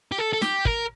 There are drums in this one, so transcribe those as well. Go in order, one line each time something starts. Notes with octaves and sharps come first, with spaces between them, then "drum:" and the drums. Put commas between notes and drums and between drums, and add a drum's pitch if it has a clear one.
G4
A4
A4
G4, drum: snare
A#4, drum: kick